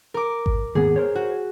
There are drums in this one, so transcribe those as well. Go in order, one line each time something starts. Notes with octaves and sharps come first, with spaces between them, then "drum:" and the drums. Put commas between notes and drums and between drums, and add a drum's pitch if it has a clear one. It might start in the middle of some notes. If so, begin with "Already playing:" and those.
A#4 D6
drum: kick G#1
D#2 G#2 B3 G#4
A#4 C5 C#5
F#4